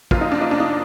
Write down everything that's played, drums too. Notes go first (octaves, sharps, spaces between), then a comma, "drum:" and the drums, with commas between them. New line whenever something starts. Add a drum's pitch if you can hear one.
F#1 F#2 F3 A#3 F4, drum: kick
D#4
D4
D#4
D4
D#4